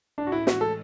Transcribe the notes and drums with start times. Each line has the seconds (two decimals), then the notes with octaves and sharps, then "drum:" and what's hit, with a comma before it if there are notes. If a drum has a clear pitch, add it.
0.18 A2 E3 G#3 C#4 D4
0.27 F#4
0.32 E4
0.47 F#4, drum: snare
0.61 A4